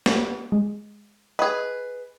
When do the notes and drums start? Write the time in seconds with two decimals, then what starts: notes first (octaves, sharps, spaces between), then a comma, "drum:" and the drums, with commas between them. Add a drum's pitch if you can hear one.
0.06 drum: snare
0.52 G#3
1.39 G#4 B4 D#5